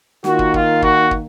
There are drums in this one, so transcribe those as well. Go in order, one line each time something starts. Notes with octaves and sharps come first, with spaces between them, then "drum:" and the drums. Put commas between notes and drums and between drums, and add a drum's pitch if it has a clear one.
D#3 A#3 F4 F#4, drum: snare
drum: kick
F4, drum: kick
F#4, drum: kick
drum: kick